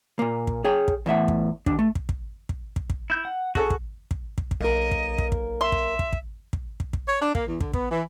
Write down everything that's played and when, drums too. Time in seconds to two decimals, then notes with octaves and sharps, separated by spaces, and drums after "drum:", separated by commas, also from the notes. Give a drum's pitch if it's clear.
0.19 A#2 A#3
0.47 drum: kick
0.64 G#4 C#5 G5
0.88 drum: kick
1.06 E2 A2 E5 F#5
1.28 drum: kick
1.66 D#2 D4, drum: kick
1.79 A3
1.95 drum: kick
2.09 drum: kick
2.49 drum: kick
2.76 drum: kick
2.90 drum: kick
3.10 E4 G6
3.25 F#5
3.55 F#4 G#4 A4 C#6, drum: kick
3.70 drum: kick
4.11 drum: kick
4.38 drum: kick
4.51 drum: kick
4.61 B1 A#3 A#4 D#5
4.92 drum: kick
5.18 drum: kick
5.32 drum: kick
5.61 E5 C6
5.72 drum: kick
5.99 drum: kick
6.13 drum: kick
6.53 drum: kick
6.80 drum: kick
6.93 drum: kick
7.08 C#5
7.21 D4
7.35 A#3, drum: kick
7.47 E2
7.61 D3, drum: kick
7.74 B3, drum: kick
7.90 E3